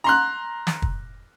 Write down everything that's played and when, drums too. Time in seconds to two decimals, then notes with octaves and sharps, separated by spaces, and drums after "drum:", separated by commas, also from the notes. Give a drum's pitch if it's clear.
0.04 A#5 C6 F#6
0.67 drum: snare
0.82 drum: kick